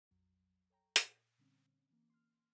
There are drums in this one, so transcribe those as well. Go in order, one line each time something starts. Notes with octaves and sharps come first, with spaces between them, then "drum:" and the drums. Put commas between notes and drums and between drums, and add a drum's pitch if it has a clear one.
A#1 F2 F#3
A4 C#5 G5 A#5
A#2, drum: hi-hat
A#2 D3 G3 C4 C#4
E3 A#3
C6 F6